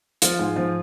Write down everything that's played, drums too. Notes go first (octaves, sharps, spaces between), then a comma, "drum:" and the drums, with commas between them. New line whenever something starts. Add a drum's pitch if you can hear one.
F3 F4, drum: hi-hat
G#2
F3